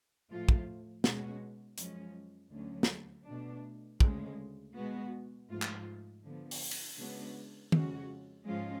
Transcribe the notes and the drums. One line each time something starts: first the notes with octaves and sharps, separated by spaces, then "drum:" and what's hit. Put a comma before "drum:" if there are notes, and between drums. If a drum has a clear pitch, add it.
A2 F3 A3 F4
drum: kick
B2 G#3 C#4 F#4, drum: snare
F#2 F3 G#3 C#4, drum: hi-hat
D2 D3 F#3 C#4
drum: snare
B2 A3 D4
D2 C#3 G#3, drum: kick
B2 G#3 B3 F#4
G#2 F3 A3 F4
drum: clap
D3 F3 B3
drum: open hi-hat
drum: cymbal
C#3 G#3 B3 D4 F#4
F2 C#3 G#3 C#4 F#4, drum: tom D#3
G#2 F3 G#3 C#4 F4